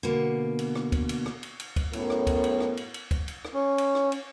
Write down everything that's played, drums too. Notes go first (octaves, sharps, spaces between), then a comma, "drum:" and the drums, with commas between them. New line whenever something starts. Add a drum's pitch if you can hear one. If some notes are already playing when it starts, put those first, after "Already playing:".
B2 D3 A#3
drum: cymbal
drum: rim click
drum: kick, cymbal
drum: cymbal
drum: rim click
drum: cymbal
drum: cymbal
drum: kick, cymbal
F#2 A2 B3 A#4, drum: cymbal
drum: rim click
drum: kick, cymbal
drum: cymbal
drum: rim click
drum: cymbal
drum: cymbal
drum: kick, cymbal
drum: cymbal
drum: rim click
C#4
drum: cymbal
drum: rim click
drum: cymbal